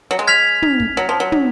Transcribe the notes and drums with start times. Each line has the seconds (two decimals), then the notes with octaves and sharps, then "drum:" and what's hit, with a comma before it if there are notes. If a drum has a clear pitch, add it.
0.11 F#3
0.19 G#3
0.27 F6 G#6 B6 F7
0.62 drum: tom
0.80 drum: kick
0.97 F#3
1.09 F3
1.20 F#3
1.32 drum: tom